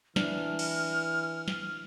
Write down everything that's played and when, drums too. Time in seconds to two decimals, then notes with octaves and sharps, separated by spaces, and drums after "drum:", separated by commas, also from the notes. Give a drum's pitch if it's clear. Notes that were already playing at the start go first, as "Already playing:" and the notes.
0.16 E3 D4 F6, drum: snare
0.59 drum: cymbal
1.48 drum: snare